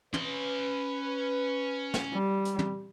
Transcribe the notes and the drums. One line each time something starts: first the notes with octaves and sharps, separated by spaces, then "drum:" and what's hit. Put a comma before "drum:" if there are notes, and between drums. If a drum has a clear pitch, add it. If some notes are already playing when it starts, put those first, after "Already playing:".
C#4 B4 C6, drum: tom
drum: snare
G3
drum: hi-hat
drum: tom